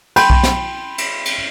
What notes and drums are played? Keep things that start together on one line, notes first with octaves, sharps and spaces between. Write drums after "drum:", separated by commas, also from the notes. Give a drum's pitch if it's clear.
G5 B5 C6 G6, drum: cymbal
drum: kick B1
drum: snare
drum: cymbal
drum: cymbal